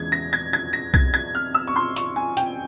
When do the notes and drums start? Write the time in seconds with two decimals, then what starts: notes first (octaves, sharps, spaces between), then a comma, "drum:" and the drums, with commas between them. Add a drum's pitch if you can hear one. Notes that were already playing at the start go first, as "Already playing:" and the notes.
Already playing: E2 C#3 E3 G#3 G#6
0.12 A#6
0.33 G#6
0.53 G#6
0.73 A#6
0.94 G#6, drum: kick B1
1.14 G#6
1.35 F6
1.54 E6
1.67 C#6
1.76 C6
1.96 C#6, drum: hi-hat
2.16 G#5
2.37 G5, drum: hi-hat